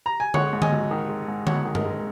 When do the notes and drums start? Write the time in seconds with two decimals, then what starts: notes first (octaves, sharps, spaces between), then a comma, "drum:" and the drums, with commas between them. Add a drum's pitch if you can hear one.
0.06 A#5
0.20 G#5
0.34 G#3 C#5 F#5, drum: tom D3
0.53 G#2
0.62 D#5 G#5, drum: tom D3
0.72 G#1
0.91 D#3
1.09 G#3
1.28 G#2
1.47 G#1 C#5 F#5, drum: tom D3
1.65 D#3
1.75 A#4 D#5, drum: tom
1.84 G#3